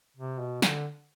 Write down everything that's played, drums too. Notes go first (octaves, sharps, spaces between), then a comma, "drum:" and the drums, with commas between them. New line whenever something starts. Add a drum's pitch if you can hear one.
C3
B2
D3, drum: snare